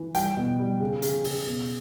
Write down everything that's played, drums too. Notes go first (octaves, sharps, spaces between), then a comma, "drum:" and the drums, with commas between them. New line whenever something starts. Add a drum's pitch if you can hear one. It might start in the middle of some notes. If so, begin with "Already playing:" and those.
Already playing: E3
G3 G5, drum: hi-hat
B2
G3
C#3
C#3, drum: hi-hat
C#3, drum: open hi-hat
B2